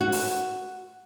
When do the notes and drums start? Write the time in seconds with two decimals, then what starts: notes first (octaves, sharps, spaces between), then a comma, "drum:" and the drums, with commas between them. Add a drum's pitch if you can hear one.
0.01 F#4
0.12 drum: open hi-hat